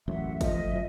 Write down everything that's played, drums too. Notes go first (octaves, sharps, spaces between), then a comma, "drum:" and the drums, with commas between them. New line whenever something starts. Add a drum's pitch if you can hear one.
E1 A1 F#2 E5 F#5
E1 F3 A3 D#5 E5, drum: kick, hi-hat
F#2 F3